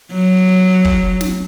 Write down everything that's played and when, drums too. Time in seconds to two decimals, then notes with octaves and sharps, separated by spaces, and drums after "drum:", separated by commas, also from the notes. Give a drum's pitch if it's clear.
0.12 F#3
0.85 drum: kick
1.21 drum: snare